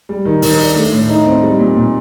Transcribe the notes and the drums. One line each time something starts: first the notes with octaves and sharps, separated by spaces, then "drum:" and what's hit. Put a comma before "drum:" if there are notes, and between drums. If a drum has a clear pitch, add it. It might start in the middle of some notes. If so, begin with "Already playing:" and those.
G3
D#3
D#3, drum: open hi-hat
D4
A3
A2
D#4
C4
G3
A#2
A#2